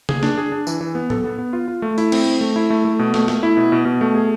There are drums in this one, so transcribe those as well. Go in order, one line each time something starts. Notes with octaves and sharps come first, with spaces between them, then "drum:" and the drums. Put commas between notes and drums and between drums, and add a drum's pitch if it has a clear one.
G#4, drum: tom C#3
D4, drum: snare
G#4
D4
E3, drum: tambourine
E3
B3
A4, drum: tom A2
B3
B3
F4
F4
A3
E4, drum: open hi-hat
C4, drum: cymbal
A3
A3
E4
A3
A3
B2
A3, drum: snare
A3, drum: snare
E4
B2
B2
B2
A3
G#4